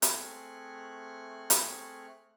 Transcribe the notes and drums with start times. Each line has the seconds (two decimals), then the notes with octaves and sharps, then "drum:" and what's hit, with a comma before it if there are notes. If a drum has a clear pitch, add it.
0.02 A3 C4 G#4 C#6 F6 F#6, drum: hi-hat
1.50 drum: hi-hat